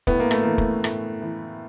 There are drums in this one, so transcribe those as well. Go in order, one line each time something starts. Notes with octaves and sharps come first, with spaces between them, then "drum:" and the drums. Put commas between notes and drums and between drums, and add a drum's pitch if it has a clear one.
A2 B3, drum: kick
A#3
A3, drum: rim click
E3 A#3
drum: kick
A2, drum: rim click
E3